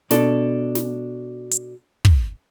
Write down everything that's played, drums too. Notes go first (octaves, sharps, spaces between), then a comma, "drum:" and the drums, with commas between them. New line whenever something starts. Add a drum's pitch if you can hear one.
B2 D4 A4, drum: snare
drum: snare
drum: hi-hat
drum: kick